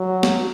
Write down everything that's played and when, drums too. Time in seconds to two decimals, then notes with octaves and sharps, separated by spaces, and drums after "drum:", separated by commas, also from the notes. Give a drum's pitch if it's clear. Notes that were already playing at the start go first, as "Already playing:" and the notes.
Already playing: F#3
0.23 drum: snare